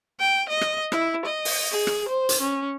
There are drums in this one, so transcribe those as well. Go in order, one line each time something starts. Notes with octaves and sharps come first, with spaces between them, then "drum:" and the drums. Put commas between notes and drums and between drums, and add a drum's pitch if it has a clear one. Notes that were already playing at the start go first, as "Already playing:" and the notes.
G5
D#5
drum: rim click
E4, drum: rim click
D#5
drum: open hi-hat
G#4
drum: rim click
C5
drum: hi-hat
C#4